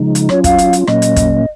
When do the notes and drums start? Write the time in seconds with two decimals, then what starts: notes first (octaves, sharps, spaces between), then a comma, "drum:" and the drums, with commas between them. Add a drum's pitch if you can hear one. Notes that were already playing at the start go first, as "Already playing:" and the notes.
Already playing: C#3 F3 G#3 D#4
0.15 drum: hi-hat
0.29 F#3 C#4 F4 C#5, drum: rim click
0.44 F5, drum: kick, hi-hat
0.58 drum: hi-hat
0.73 drum: hi-hat
0.87 A#2 F#3 A#3 C#4 D#5, drum: rim click
1.02 drum: hi-hat
1.16 drum: kick, hi-hat